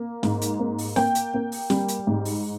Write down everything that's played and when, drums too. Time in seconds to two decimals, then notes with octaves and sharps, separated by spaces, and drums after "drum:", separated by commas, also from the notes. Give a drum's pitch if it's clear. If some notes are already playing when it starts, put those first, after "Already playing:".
Already playing: A#3
0.23 G#2, drum: snare
0.42 drum: hi-hat
0.59 A#3
0.78 drum: open hi-hat
0.96 A#3 G5, drum: snare
1.15 drum: hi-hat
1.34 A#3
1.52 drum: open hi-hat
1.70 G3, drum: snare
1.89 drum: hi-hat
2.07 G#2
2.25 drum: open hi-hat